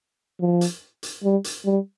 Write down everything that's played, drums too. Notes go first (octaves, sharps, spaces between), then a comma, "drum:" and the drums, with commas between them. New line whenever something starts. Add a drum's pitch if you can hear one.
F3
drum: hi-hat
drum: hi-hat
G3
drum: hi-hat
G3